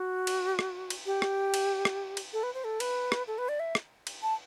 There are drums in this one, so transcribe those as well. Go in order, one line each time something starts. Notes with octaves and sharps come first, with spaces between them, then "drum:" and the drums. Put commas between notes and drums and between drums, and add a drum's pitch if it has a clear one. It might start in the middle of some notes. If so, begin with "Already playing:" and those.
Already playing: F#4
drum: cymbal
drum: rim click
drum: cymbal
G4
drum: rim click
drum: cymbal
drum: rim click
drum: cymbal
A4
B4
C5
A4
B4, drum: cymbal
drum: rim click
A4
B4
D5
E5
drum: rim click
drum: cymbal
A5